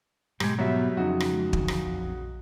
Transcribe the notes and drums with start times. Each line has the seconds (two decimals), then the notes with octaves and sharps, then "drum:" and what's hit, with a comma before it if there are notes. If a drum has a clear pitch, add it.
0.40 G#2 B2 G3 G#3, drum: rim click
0.59 F#3 G3 B3 E5
0.97 F2 C#3 F#3 D#4 F#4
1.20 drum: rim click
1.33 G#3
1.53 D3 E3 F#3, drum: kick
1.68 drum: rim click
1.84 A#1